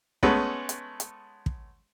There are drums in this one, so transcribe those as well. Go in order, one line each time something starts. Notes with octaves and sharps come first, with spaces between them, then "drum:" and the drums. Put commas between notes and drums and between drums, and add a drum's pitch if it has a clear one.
G#3 A3 B3 C#4 B4, drum: kick
drum: hi-hat
drum: hi-hat
drum: kick